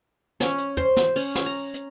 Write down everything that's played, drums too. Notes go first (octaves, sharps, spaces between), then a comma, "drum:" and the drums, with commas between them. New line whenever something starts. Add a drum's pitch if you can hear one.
C#4, drum: snare
drum: hi-hat
C5, drum: tom
drum: snare
C#4, drum: open hi-hat
drum: snare
A#5
drum: hi-hat